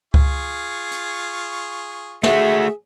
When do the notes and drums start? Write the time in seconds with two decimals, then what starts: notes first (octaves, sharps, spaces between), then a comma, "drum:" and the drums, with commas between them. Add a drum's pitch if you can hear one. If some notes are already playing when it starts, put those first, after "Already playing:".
0.14 F4 G#4 C#6, drum: kick C#2
0.91 drum: hi-hat
2.23 A3 F#4 G#4 E5, drum: snare